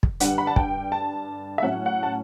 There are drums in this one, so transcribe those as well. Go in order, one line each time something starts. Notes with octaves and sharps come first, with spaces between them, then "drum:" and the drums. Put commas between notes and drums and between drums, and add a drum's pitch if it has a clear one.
drum: kick
G2 D3 G3 D4 F#5, drum: hi-hat
B5
A5
G5, drum: kick
A5
E5
A2 F#3 C#4 F#5
F#5
A5